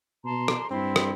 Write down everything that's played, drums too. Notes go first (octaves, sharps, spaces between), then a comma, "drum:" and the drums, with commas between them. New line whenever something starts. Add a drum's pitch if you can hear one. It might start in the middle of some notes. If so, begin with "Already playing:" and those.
B2 A5 A#5 C6
drum: rim click
G2 C4 E4 C6
drum: rim click